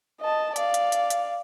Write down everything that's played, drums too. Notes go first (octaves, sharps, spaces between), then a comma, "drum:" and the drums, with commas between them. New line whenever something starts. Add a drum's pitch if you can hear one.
D#5 A5
D5 F5, drum: hi-hat
drum: hi-hat
drum: hi-hat
drum: hi-hat